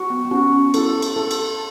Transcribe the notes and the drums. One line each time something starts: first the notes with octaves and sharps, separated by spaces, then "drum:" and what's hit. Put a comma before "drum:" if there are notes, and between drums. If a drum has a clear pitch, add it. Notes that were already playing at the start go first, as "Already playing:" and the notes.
Already playing: F#4
B3
B3
C#4 F#4
C#4
E4 A4, drum: cymbal
drum: cymbal
A4
drum: cymbal